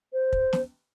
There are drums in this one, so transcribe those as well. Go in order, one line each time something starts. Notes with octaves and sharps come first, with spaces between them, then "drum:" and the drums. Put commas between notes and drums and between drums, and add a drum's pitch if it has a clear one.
C5
drum: kick
drum: snare